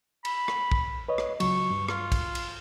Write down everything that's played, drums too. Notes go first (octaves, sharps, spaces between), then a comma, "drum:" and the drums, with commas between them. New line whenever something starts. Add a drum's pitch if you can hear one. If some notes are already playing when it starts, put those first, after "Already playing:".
B5, drum: cymbal
drum: rim click
drum: kick
B4 C#5 D#5
drum: rim click
C#2 F#3 C#6, drum: cymbal
G2
F4, drum: rim click
drum: kick, cymbal
drum: cymbal